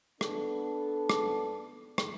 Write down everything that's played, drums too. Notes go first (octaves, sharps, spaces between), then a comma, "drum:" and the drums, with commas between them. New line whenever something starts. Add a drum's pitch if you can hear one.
B3 D4 A4, drum: rim click
drum: rim click
drum: rim click